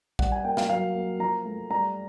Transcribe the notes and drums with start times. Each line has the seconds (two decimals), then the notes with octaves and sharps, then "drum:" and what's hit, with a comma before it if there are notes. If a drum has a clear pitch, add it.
0.19 G3 F#5, drum: kick A#1
0.32 G#5
0.44 A#3 G5
0.57 F5, drum: snare
0.69 F#3 F5
0.95 A#3
1.20 F3 A#5
1.45 A3
1.70 G3 A#5